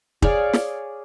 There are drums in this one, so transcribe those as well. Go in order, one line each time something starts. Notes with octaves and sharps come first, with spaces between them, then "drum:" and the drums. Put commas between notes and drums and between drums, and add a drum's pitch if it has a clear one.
G#4 C#5 D5 F5, drum: kick
drum: snare